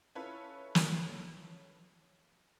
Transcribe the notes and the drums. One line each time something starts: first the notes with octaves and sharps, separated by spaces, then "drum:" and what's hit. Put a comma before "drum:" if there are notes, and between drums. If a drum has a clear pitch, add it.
C#4 E4 F4 A4 B4 C#5
drum: snare